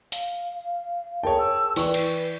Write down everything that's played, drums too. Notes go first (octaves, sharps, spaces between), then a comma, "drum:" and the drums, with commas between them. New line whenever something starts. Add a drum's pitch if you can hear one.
F5, drum: hi-hat
G#4 A#4 C#5 G5 A5
E6
E3 B4 D5 G5 C#6, drum: open hi-hat
drum: cymbal